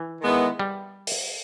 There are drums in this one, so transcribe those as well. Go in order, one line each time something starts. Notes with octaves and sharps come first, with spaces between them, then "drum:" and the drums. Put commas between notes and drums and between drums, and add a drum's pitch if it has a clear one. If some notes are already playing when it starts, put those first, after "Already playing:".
Already playing: E3
D#3 G#3 B3 E4
G3
drum: open hi-hat